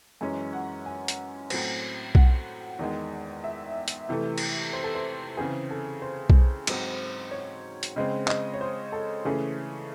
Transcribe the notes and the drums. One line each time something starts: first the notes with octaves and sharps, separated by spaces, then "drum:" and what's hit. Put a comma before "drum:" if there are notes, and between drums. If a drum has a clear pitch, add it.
F#2 E3 G#3 C#4 G#5
F#5
G#5
drum: hi-hat
A2 F#3 C4, drum: cymbal
F#5, drum: kick B1
E2 D#3 G#3
E5
drum: hi-hat
C3 E3 A3
drum: cymbal
C5
A4
C5
C#3 E3 C4 G#4
A4
C5
drum: kick B1
G#2 F#3 C4, drum: cymbal
C#5
drum: hi-hat
C#3 G#3 C4 D#5
D#5, drum: clap
C#5
C5
A4
C#3 E3 A3 C#4 G#4